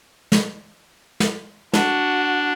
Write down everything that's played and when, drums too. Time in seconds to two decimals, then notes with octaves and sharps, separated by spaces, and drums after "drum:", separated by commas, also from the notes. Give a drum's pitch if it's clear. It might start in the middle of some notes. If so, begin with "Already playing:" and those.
0.32 drum: snare
1.20 drum: snare
1.73 D4 F#4, drum: snare